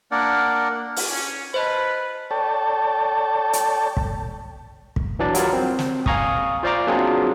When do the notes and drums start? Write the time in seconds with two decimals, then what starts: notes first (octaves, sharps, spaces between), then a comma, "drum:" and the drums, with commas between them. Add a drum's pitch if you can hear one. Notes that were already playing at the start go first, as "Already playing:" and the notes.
0.11 A#3 D4 A#4 D5 F#5
0.96 drum: open hi-hat
1.09 C#4
1.54 F4 B4 C5 D#5 A5
2.31 A4 C#5 D5 G5 A5
3.53 drum: hi-hat
3.97 drum: kick
4.96 drum: kick
5.19 E3 F#3 D4 D5
5.35 F#3 G3 F4 A#4 D5, drum: hi-hat
5.53 C4
5.79 drum: snare
6.06 F5 G#5 A#5 C#6 D#6, drum: kick
6.63 F4 C5 D5 F5 A#5 D6
6.87 F#3 A#3 C4 D4 F4 G#4